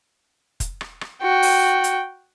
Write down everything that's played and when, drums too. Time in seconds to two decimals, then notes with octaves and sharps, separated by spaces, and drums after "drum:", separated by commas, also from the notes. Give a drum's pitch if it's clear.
0.60 drum: kick F1, hi-hat
0.81 drum: rim click
1.01 drum: rim click
1.22 F#4 G5
1.43 drum: open hi-hat
1.84 drum: hi-hat